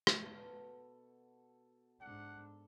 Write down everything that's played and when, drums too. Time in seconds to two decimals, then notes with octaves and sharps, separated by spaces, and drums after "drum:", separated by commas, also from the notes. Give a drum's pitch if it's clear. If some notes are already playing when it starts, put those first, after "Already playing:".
0.07 drum: rim click
0.23 B2 A4
2.01 G#2 D4 A4 F#5